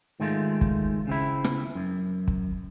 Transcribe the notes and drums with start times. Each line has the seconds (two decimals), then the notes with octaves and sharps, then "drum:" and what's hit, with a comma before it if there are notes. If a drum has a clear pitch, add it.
0.20 G#2 D#3 G#3 A3 F4
0.61 drum: kick
1.07 C#3 C4 E4
1.44 drum: rim click
1.75 F#2
2.28 drum: kick